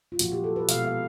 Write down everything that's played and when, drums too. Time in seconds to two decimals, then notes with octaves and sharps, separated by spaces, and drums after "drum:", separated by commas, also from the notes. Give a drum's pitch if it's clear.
0.12 F4
0.19 A#2 F3 A#3 F#4, drum: hi-hat
0.32 G4
0.44 A4
0.56 B4
0.69 B2 G#3 B3 F5, drum: hi-hat
0.85 F5